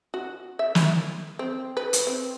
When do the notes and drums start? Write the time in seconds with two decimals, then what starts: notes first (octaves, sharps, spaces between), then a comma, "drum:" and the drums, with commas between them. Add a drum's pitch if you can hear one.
0.14 F#4
0.59 E5
0.75 drum: snare
1.39 C4
1.77 B4
1.93 drum: hi-hat
2.07 C4